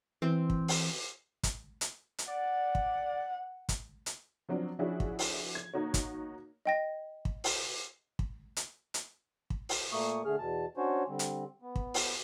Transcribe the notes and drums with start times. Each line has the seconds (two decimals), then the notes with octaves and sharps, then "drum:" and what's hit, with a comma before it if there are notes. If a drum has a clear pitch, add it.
0.22 E3 C4
0.50 drum: kick
0.68 drum: open hi-hat
1.43 drum: kick, hi-hat
1.81 drum: hi-hat
2.18 drum: hi-hat
2.28 D5 F#5
2.75 drum: kick
3.69 drum: kick, hi-hat
4.06 drum: hi-hat
4.49 F3 F#3 C4 D4
4.79 F3 C#4 D4 E4 F#4 G#4
5.00 drum: kick
5.19 drum: open hi-hat
5.55 G#6
5.74 A#3 D#4 F#4 C#5
5.94 drum: kick, hi-hat
6.66 D#5 G5 A#6
7.25 drum: kick
7.44 drum: open hi-hat
8.19 drum: kick
8.57 drum: hi-hat
8.94 drum: hi-hat
9.50 drum: kick
9.69 drum: open hi-hat
9.92 A#2 A3 A#3 C#6 D#6
10.25 D3 A3 G#4 F6
10.38 E2 B2 A5
10.77 C#4 D4 F#4 C5 C#5
11.08 D3 G3 C4
11.19 drum: hi-hat
11.62 B3
11.76 drum: kick
11.94 drum: open hi-hat